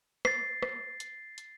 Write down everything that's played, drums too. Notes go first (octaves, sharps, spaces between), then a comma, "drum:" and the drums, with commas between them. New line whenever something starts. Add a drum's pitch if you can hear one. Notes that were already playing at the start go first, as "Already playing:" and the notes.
A6 C7, drum: rim click
drum: rim click
drum: hi-hat
drum: hi-hat